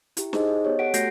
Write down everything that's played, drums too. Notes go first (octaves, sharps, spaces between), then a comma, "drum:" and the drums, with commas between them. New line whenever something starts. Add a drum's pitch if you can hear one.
E4 G4, drum: hi-hat
D#4 G#4 C5 D#5, drum: snare
D#5
B3 G4 C#5
G4 A4 F#5 B6 D7
A3 F#4 A4 G6 A#6 C7, drum: hi-hat